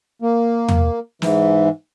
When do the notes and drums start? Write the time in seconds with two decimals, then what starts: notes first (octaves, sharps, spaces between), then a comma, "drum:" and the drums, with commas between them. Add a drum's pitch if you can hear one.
0.22 A#3
0.69 drum: tom
1.22 G#2 E3, drum: snare